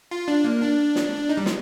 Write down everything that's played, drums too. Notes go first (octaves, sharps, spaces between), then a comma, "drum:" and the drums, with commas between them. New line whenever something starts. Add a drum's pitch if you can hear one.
F4
D4
A#3
D4
drum: snare
D#4
G3
G#3, drum: snare